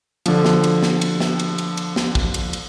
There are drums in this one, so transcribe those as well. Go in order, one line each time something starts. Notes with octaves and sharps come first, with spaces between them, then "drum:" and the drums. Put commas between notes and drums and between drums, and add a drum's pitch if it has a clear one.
D3 F3, drum: cymbal
drum: snare
drum: cymbal
drum: snare
drum: cymbal
drum: snare
drum: cymbal
drum: cymbal
drum: cymbal
drum: snare
drum: kick
drum: cymbal
drum: cymbal